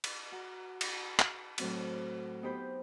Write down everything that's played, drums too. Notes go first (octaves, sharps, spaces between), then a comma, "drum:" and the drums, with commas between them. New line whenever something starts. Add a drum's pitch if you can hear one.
drum: cymbal
F#4 A#5
drum: cymbal
drum: clap
A2 F#3 C4 F#4, drum: cymbal
B3 D#4 G4 C5 B5 G6